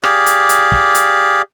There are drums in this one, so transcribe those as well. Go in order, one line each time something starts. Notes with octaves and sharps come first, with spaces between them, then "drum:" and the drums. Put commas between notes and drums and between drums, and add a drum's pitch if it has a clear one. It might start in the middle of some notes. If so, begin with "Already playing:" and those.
G4 G#4 D5 F5, drum: rim click
drum: hi-hat
drum: hi-hat
drum: kick
drum: hi-hat